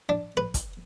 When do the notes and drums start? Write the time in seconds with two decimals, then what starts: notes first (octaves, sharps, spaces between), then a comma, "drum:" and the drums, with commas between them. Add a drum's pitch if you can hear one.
0.09 D4
0.37 B4
0.54 drum: kick, hi-hat